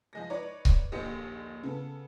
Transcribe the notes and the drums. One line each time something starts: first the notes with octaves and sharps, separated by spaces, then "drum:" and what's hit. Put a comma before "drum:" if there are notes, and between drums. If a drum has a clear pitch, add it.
F3 G#3 A#6
D#4 B4 C#5 D5 D6
drum: kick C#1
A#1 D#2 D3 G4 D#5 C#7
C#3 B3 A4